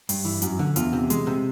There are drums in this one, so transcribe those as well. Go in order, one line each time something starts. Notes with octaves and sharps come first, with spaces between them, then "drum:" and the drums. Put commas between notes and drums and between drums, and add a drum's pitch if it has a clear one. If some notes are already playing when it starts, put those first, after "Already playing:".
G2, drum: open hi-hat
E3
F#2, drum: hi-hat
D3
E2 F4, drum: hi-hat
C3
G#3, drum: hi-hat
C3